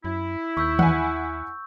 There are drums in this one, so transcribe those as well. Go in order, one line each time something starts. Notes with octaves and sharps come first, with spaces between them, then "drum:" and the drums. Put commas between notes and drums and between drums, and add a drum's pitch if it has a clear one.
F#2 E4
D#2 C#6 E6 G6
F#5 G#5, drum: tom D#3